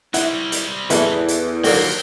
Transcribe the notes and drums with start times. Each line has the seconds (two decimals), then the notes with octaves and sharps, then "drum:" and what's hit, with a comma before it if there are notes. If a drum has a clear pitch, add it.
0.14 G3 C4 E4 F#5, drum: hi-hat
0.52 drum: hi-hat
0.90 A1 E2 B2 E3 E4 A4, drum: hi-hat
1.28 drum: hi-hat
1.64 D#2 A2 D3 F#3 A#3 G5, drum: open hi-hat